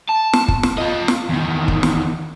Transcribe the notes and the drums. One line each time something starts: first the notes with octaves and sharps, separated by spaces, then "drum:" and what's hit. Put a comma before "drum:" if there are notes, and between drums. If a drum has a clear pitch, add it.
A5
drum: snare
drum: kick
drum: snare
F4 D#5
drum: snare
E2 D#3
drum: kick
drum: snare